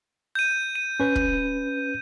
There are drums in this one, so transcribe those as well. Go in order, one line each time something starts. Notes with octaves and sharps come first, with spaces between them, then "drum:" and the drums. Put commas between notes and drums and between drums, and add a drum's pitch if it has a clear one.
G6 D#7
D#7
C#4 B4
drum: kick